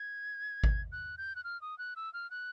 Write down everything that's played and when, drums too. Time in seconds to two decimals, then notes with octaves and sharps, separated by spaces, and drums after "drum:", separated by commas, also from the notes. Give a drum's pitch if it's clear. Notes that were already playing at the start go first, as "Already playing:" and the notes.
Already playing: G#6
0.64 drum: kick G#1
0.92 F#6
1.18 G6
1.36 F#6
1.44 F6
1.61 D#6
1.78 F#6
1.96 E6
2.13 F6
2.31 F#6